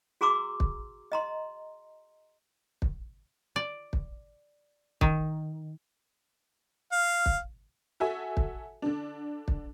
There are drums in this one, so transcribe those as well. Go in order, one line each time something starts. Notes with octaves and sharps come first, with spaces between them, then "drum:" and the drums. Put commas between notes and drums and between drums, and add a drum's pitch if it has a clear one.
F#4 G#4 A#5 C6 D6 E6
drum: kick
D#5 A#5 C6
drum: kick
D5
drum: kick
D#3, drum: kick
F5
drum: kick
F#4 A4 E5 G#5
drum: kick
D3 D4
drum: kick